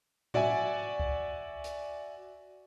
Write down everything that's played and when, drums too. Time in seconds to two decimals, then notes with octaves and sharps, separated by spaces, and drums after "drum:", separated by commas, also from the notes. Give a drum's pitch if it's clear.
0.34 F#4 D5 E5 G#5, drum: tom G#2
1.00 drum: kick C2
1.64 drum: hi-hat